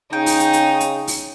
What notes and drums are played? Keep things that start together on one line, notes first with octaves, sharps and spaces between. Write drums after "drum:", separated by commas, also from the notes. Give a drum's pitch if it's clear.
C#3 D#4 G5
drum: open hi-hat
drum: hi-hat
drum: hi-hat
drum: hi-hat
drum: open hi-hat